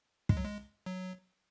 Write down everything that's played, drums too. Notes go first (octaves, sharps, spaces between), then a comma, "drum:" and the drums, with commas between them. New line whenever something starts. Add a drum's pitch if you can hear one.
G#3, drum: kick
F#3
G#3
F#3